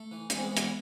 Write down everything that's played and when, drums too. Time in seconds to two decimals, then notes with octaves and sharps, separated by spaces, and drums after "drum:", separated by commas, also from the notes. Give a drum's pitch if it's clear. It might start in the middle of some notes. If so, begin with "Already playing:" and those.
Already playing: A3
0.11 E3
0.30 E3 G#3 B3, drum: hi-hat
0.37 C4
0.43 G#3 B3
0.51 E3
0.57 G#3 B3, drum: hi-hat